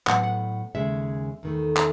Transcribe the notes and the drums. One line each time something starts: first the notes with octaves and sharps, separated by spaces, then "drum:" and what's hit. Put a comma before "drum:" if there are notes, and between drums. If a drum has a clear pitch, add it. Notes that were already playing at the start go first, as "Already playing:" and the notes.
A2 F#3 B3 F#5, drum: clap
F#5
D#2 C#3 G#3 E5
E2 D#3 A3
E5, drum: clap